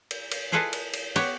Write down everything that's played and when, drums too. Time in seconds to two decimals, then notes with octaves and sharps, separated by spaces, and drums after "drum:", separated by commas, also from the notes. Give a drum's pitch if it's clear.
0.11 drum: cymbal
0.31 drum: cymbal
0.52 E4 F4 G#4 A4 B4 D#5
0.73 drum: cymbal
0.93 drum: cymbal
1.16 B3 G4 C#5, drum: cymbal